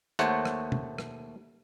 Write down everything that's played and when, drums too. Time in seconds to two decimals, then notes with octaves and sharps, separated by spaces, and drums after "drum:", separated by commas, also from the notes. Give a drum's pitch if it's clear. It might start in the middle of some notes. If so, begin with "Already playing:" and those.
0.19 D#2 A3 C5 C#5 F#5, drum: hi-hat
0.45 drum: rim click
0.72 drum: tom
0.98 drum: rim click